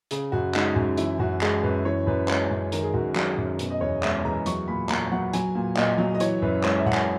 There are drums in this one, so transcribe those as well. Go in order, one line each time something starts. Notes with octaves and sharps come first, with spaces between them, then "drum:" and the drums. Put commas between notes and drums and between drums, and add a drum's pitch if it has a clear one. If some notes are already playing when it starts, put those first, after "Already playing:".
C#3 G#4, drum: hi-hat
F#2 F#4
G#3 D#4, drum: clap
F#2
E3 E4, drum: hi-hat
F#2 F#4
G#3 G#4, drum: clap
F#2 B4
E3 C#5
F#2 B4
G#3 C#5, drum: clap
F#2
D#3 A#4, drum: hi-hat
G#4
F#2 F#4
F#3 G#4, drum: clap
F#2
B2, drum: hi-hat
D#5
E2 C#5
G#3 E5, drum: clap
E2 A#5
F#3 C#6, drum: hi-hat
A#2 B5
A#2 A#5, drum: clap
F#3 F#5
F#3 G#5, drum: hi-hat
A#2
A#2 D#5, drum: clap
F#3
D#5
E3 C#5, drum: hi-hat
F#2 B4
G#3 C#5, drum: clap
E5
F#2 F#5
G#5, drum: clap